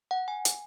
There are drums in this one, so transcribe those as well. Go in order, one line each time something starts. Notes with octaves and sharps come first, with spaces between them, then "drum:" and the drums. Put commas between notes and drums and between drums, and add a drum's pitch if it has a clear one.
F#5
G#5
drum: hi-hat